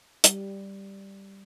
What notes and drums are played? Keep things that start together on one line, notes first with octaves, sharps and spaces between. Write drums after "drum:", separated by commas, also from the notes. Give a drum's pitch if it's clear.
G3, drum: hi-hat